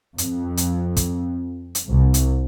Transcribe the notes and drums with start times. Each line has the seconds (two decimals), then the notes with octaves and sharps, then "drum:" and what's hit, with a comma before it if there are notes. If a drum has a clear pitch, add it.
0.18 F2, drum: hi-hat
0.57 drum: hi-hat
0.96 drum: kick, hi-hat
1.75 drum: hi-hat
1.88 C2
2.14 drum: hi-hat